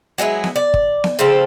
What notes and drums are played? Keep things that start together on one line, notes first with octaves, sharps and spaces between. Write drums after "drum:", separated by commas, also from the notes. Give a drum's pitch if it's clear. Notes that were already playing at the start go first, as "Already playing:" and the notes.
F#3 G#3 B3 E4
drum: snare B3
D5
drum: kick
drum: snare B3
C#3 F3 C4 A4